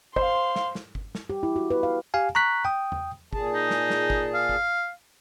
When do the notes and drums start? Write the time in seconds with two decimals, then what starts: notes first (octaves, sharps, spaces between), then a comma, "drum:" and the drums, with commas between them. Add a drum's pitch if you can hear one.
0.16 C5 F5 C6, drum: kick G1
0.56 drum: snare
0.75 drum: snare
0.95 drum: kick G1
1.15 drum: snare
1.30 G4
1.43 E4
1.56 F#4
1.70 B4
1.83 F5
2.14 G4 F5 G#5
2.35 A#5 C#6 F#6 B6
2.65 G5 D#6
2.92 drum: tom E2
3.33 A#2 G#4 A5, drum: kick G1
3.54 D#4
3.71 drum: snare
3.90 drum: snare
4.10 drum: kick G1
4.35 F5
4.49 drum: kick G1